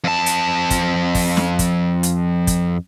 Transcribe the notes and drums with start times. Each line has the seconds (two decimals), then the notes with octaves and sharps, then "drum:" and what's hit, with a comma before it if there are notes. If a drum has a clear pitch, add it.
0.04 F2 A5
0.26 drum: hi-hat
0.70 drum: kick, hi-hat
1.15 drum: kick, open hi-hat
1.37 drum: snare
1.59 drum: kick, hi-hat
2.03 drum: hi-hat
2.47 drum: kick, hi-hat